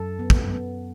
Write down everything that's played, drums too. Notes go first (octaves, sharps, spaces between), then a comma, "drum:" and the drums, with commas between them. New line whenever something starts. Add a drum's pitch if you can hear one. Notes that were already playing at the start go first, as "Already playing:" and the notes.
Already playing: F#2 A4
B3
drum: kick
B3